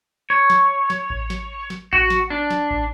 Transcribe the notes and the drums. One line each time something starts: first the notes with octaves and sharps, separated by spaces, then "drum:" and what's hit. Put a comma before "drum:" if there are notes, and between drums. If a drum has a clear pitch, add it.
C#5
drum: snare
drum: snare
drum: kick A1
drum: snare
drum: snare
F#4, drum: kick A1
drum: snare
D4
drum: snare
drum: kick A1